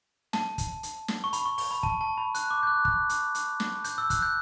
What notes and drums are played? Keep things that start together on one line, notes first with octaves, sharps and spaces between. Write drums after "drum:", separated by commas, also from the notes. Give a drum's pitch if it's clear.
A5, drum: snare
drum: kick, hi-hat
drum: hi-hat
drum: snare
C#6
B5, drum: hi-hat
C#6
C#6, drum: open hi-hat
B5
A5, drum: kick
A5
B5
F#6, drum: hi-hat
D6
G6
F#6
F#6, drum: kick
drum: hi-hat
drum: hi-hat
drum: snare
G6, drum: hi-hat
E6
F#6, drum: kick, hi-hat
G6